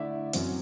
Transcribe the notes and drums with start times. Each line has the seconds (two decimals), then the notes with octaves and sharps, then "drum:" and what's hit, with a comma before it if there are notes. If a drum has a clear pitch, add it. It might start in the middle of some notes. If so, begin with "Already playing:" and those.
Already playing: D3 A3 E4 D5 E5
0.33 F#2 F#3 C4, drum: hi-hat